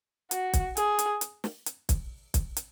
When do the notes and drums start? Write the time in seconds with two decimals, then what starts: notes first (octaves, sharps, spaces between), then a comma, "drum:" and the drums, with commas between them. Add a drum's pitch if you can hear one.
0.31 F#4, drum: hi-hat
0.53 drum: kick, hi-hat
0.77 G#4, drum: hi-hat
0.99 drum: hi-hat
1.21 drum: hi-hat
1.44 drum: snare
1.66 drum: hi-hat
1.89 drum: kick, hi-hat
2.34 drum: kick, hi-hat
2.57 drum: hi-hat